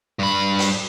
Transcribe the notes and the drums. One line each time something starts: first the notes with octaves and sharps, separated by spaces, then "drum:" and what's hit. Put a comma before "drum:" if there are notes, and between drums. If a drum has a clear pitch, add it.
G2 B5
drum: open hi-hat